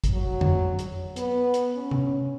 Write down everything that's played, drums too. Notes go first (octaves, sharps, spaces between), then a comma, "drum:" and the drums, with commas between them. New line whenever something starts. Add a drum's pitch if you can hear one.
drum: kick, hi-hat
F#3
drum: tom F2
drum: hi-hat
B3, drum: hi-hat
drum: hi-hat
C#4
drum: tom C3